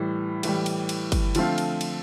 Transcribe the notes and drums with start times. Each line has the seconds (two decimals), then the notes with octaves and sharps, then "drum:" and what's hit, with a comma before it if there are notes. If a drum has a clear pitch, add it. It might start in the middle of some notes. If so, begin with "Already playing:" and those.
Already playing: A2 E3 G3
0.43 A2 E3 G3, drum: cymbal
0.66 drum: cymbal
0.89 drum: cymbal
1.12 drum: kick G1, cymbal
1.35 D3 F3 A3 C4 F4, drum: cymbal
1.58 drum: cymbal
1.81 drum: cymbal